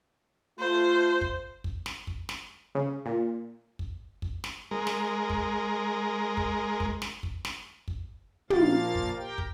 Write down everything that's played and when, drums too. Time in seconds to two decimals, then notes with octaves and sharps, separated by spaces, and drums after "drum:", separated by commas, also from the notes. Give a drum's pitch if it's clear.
0.59 A3 F4 C5
1.21 drum: kick
1.64 drum: kick
1.86 drum: snare
2.07 drum: kick
2.29 drum: snare
2.75 C#3
3.06 A#2
3.79 drum: kick
4.22 drum: kick
4.44 drum: snare
4.71 G#3 A#4
4.87 drum: snare
5.30 drum: kick
6.37 drum: kick
6.80 drum: kick
7.02 drum: snare
7.23 drum: kick
7.45 drum: snare
7.88 drum: kick
8.50 A#2 F3 A#3 F5 A6, drum: tom
8.95 drum: kick
9.17 G4 A#4 G5
9.38 drum: kick